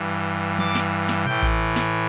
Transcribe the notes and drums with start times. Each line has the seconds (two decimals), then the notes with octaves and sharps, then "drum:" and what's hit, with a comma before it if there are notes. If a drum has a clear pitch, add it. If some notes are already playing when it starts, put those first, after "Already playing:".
Already playing: G2 E3
0.59 D6, drum: tom
0.75 drum: snare
1.09 drum: snare
1.25 A2 E3 G5, drum: tom B2
1.43 drum: kick A1
1.76 drum: snare